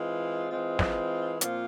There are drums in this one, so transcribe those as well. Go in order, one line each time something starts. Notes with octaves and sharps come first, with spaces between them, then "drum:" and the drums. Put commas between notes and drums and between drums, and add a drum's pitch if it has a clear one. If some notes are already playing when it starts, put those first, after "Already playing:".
Already playing: E3 G#3 C4 F4
E3 G#3 C4 F4
drum: snare
A#2 F3 C4 F4, drum: hi-hat